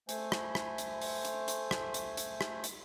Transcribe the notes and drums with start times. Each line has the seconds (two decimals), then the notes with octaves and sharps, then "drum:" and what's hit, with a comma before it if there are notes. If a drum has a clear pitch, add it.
0.09 A3 C5 G#5, drum: hi-hat
0.32 drum: rim click
0.55 drum: rim click
0.78 drum: hi-hat
1.02 drum: open hi-hat
1.25 drum: hi-hat
1.48 drum: hi-hat
1.71 drum: rim click
1.94 drum: hi-hat
2.17 drum: hi-hat
2.41 drum: rim click
2.64 drum: hi-hat